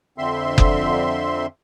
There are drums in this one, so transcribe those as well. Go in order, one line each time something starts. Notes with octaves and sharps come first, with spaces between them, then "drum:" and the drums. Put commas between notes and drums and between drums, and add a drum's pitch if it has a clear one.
F2 D3 C4 E5 C6
drum: kick F#1